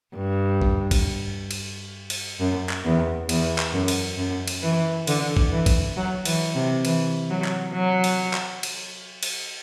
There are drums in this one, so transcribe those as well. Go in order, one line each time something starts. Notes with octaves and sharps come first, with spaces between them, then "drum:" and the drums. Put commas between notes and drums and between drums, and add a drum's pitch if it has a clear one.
G2
drum: kick
drum: kick, cymbal
drum: cymbal
drum: cymbal
F#2
drum: clap
E2
E2, drum: cymbal
drum: clap
F#2
drum: cymbal
F#2
drum: cymbal
E3
D3, drum: cymbal
drum: kick
E3
drum: kick, cymbal
F#3
E3, drum: cymbal
C3
E3, drum: cymbal
F#3
drum: clap
F#3
drum: cymbal
drum: clap
drum: cymbal
drum: cymbal